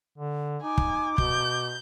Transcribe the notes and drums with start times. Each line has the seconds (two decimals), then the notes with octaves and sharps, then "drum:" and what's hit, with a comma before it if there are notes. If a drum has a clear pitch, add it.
0.18 D3
0.63 D#4 G#5 D6
0.78 drum: kick
1.18 B2 G6, drum: kick